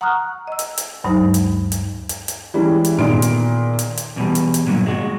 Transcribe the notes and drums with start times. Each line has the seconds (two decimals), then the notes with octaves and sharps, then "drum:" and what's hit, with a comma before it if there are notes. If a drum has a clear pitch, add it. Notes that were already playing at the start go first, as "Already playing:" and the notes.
0.01 F#5 A#5 C#6 D#6 F6 F#6
0.47 D#5 E6
0.59 drum: hi-hat
0.78 drum: hi-hat
1.04 D2 G2 F#3 G#3 D#4 C5
1.34 drum: hi-hat
1.72 drum: hi-hat
2.09 drum: hi-hat
2.28 drum: hi-hat
2.54 E3 G3 G#3 C#4 E4
2.85 drum: hi-hat
2.98 A#2 D#3 B3 G#4 C6 D7
3.22 drum: hi-hat
3.79 drum: hi-hat
3.97 drum: hi-hat
4.16 E2 B2 G3
4.35 drum: hi-hat
4.54 drum: hi-hat
4.67 G2 A#2 D3 F#3
4.86 G#3 F#4